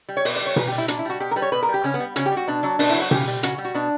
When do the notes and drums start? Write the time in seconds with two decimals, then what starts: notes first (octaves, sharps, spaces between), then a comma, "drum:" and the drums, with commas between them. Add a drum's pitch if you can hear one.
0.09 G3
0.17 C#5
0.25 B2 D5, drum: open hi-hat
0.36 D5
0.42 G3
0.47 C#5
0.56 A#2 B4, drum: tom B2
0.67 G4
0.72 G3
0.78 E4
0.88 A#2 D4, drum: hi-hat
0.99 E4
1.05 G3 F#4
1.20 B2 G4
1.31 A#4
1.36 G3 B4
1.42 C#5
1.52 B2 B4
1.63 A#4
1.69 G3
1.74 G4
1.84 C#3 C#4
1.94 B3
2.00 G3
2.16 C#3 C#4, drum: hi-hat
2.26 G4
2.32 G3
2.37 F#4
2.48 B2 D4
2.63 F#3 D4
2.79 B2 D4, drum: open hi-hat
2.90 E4
2.95 F#3
3.01 F#4
3.11 C#3 G4, drum: tom B2
3.28 G3
3.43 C#3 F#4, drum: hi-hat
3.58 G3
3.65 F#4
3.74 B2 D4